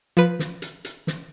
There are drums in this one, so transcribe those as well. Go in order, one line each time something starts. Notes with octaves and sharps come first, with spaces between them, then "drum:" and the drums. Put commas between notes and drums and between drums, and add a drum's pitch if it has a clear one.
F3 B4
drum: snare
drum: hi-hat
drum: hi-hat
drum: snare